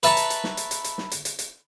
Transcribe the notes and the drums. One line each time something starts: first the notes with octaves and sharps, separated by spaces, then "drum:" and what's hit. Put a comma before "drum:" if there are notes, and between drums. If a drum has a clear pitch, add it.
B4 E5 A5 A#5 C#6, drum: hi-hat
drum: hi-hat
drum: hi-hat
drum: snare
drum: hi-hat
drum: hi-hat
drum: hi-hat
drum: snare
drum: hi-hat
drum: hi-hat
drum: hi-hat